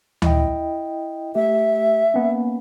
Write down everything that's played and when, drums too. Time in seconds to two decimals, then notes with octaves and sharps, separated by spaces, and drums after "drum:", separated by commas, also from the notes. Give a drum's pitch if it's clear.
0.22 E4 D#5 G5, drum: tom D2
1.35 A3 G4 E5
2.14 A#3 B3 C#4